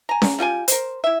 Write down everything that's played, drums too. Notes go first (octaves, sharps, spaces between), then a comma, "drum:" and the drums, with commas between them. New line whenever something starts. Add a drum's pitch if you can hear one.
G#5 A#5
drum: snare C#4
G3 F4 G5 G#5
A#4 C5, drum: hi-hat
E4 E5